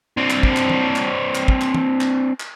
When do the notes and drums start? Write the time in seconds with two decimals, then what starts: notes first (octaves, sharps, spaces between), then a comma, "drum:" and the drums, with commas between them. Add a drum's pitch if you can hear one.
0.17 C4 D4
0.30 drum: clap
0.43 drum: kick
0.56 drum: clap
0.70 drum: tom
0.96 drum: clap
1.35 drum: clap
1.48 drum: kick
1.61 drum: clap
1.74 drum: tom
2.01 drum: clap
2.40 drum: clap